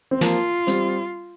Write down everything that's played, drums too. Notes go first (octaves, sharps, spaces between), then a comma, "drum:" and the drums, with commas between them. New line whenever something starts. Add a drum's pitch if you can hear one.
C4
F3 A#3 F4, drum: snare
G3 C4, drum: hi-hat